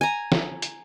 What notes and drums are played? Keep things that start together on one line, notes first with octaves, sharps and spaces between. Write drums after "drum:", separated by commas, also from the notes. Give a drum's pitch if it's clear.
G#5 A#5
drum: snare
drum: hi-hat